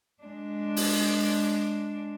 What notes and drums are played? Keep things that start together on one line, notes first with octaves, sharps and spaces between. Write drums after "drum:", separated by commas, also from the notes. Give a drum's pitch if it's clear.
G#3 D4
drum: open hi-hat